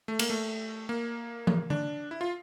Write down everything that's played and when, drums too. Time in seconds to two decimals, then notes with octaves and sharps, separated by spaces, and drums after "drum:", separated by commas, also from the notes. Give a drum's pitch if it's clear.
0.08 A3
0.19 A#3, drum: cymbal
0.30 A3
0.89 A#3
1.47 drum: tom
1.70 D4, drum: tom D3
2.11 E4
2.21 F4